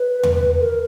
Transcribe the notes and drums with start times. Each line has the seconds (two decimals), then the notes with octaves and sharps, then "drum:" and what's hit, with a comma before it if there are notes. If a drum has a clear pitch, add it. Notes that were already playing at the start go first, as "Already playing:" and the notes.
Already playing: B4
0.23 drum: tom E2
0.60 A#4